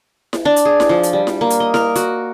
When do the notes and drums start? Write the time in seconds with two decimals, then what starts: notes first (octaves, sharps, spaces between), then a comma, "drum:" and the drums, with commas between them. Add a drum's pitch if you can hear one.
0.33 drum: snare E4
0.45 D4
0.56 drum: hi-hat
0.65 G#4
0.80 drum: snare E4
0.89 F3
1.03 drum: hi-hat
1.13 G3
1.27 drum: snare E4
1.41 A#3
1.50 drum: hi-hat
1.60 D#5
1.74 A#4, drum: snare E4
1.96 F#4, drum: hi-hat